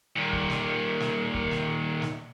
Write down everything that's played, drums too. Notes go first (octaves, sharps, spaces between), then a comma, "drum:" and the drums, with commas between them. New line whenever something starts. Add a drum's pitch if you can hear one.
D#2 A#2
drum: kick
drum: snare
drum: snare
drum: kick
drum: snare
drum: snare